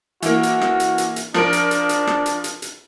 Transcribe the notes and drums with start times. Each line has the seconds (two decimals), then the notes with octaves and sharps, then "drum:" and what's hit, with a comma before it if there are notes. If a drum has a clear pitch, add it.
0.22 E3 A#3 F#4, drum: hi-hat
0.43 drum: hi-hat
0.61 drum: rim click
0.80 drum: hi-hat
0.98 drum: hi-hat
1.16 drum: hi-hat
1.34 F3 D4 A#4 D7, drum: rim click
1.53 drum: hi-hat
1.71 drum: hi-hat
1.89 drum: hi-hat
2.07 drum: rim click
2.26 drum: hi-hat
2.44 drum: hi-hat
2.62 drum: hi-hat